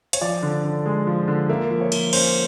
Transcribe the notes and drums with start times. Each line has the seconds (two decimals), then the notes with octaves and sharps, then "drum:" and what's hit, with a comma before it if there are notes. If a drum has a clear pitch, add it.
0.13 C#5, drum: hi-hat
0.21 F3 D5
0.43 D3
0.64 D3
0.86 G#3
1.07 F3
1.28 D3
1.49 A#3 E5
1.71 F3
1.81 C#5
1.92 F3, drum: cymbal
2.13 C#4 C5, drum: cymbal